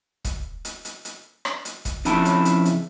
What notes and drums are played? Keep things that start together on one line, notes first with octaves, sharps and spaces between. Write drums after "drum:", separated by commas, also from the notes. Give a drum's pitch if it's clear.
drum: kick, hi-hat
drum: hi-hat
drum: hi-hat
drum: hi-hat
drum: rim click
drum: hi-hat
drum: kick, hi-hat
F2 C#3 E4 A5 B5, drum: hi-hat
drum: hi-hat
drum: hi-hat
drum: hi-hat